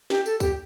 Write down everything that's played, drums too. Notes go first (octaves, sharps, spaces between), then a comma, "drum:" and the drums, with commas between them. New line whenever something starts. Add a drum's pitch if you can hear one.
G4, drum: snare
A4, drum: tambourine
G4, drum: kick, tambourine